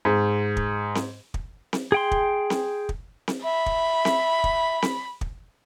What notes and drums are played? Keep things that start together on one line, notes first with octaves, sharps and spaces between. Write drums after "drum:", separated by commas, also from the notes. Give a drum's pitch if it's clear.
G#2
drum: kick
drum: snare C4
drum: kick
drum: snare C4
G#4 G5 C6
drum: kick
drum: snare C4
drum: kick
drum: snare C4
E5 B5
drum: kick
drum: snare C4
drum: kick
drum: snare C4
drum: kick